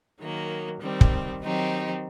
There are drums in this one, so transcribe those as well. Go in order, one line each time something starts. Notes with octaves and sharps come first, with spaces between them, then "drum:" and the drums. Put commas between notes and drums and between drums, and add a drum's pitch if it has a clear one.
D#3 F#3 A#3
D#3 G3 C4
drum: kick
D#3 F#3 C4 D#4 G4